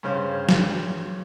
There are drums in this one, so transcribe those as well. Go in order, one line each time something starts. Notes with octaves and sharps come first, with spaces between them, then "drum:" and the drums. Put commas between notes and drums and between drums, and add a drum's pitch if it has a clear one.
G2 C#3 C#4 C5 F5
drum: snare